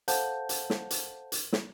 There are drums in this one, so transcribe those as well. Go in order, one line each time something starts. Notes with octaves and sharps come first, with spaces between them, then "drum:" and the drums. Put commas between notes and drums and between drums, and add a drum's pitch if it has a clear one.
A4 C5 F5 F#5 A5 G6, drum: hi-hat
drum: hi-hat
drum: snare
drum: hi-hat
drum: hi-hat
drum: snare